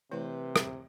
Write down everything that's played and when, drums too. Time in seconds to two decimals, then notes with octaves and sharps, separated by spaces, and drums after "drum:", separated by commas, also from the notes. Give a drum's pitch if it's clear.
0.11 C3 E3 A3 E4 B4 C5
0.56 drum: rim click